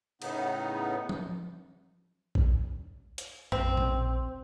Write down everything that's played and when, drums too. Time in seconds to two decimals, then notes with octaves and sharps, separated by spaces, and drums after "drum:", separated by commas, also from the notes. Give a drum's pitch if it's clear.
0.22 A2 C#3 B3 D#4, drum: cymbal
1.09 drum: tom F3
2.35 drum: kick A#1
3.18 drum: hi-hat
3.52 A#1 C4, drum: tom F2
3.77 drum: tom A#2